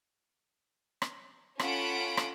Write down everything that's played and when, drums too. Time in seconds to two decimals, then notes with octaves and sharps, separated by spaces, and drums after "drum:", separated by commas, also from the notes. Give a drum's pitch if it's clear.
1.02 drum: rim click
1.59 C#4 F4 A4 F#5 B5 D7, drum: rim click
2.17 drum: rim click